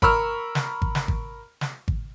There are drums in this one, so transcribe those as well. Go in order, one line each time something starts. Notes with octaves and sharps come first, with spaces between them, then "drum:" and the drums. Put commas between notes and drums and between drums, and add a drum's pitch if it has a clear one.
A#4 B5 C#6 E6 F6, drum: kick G#1
drum: snare
drum: kick G#1
drum: snare
drum: kick G#1
drum: snare
drum: kick G#1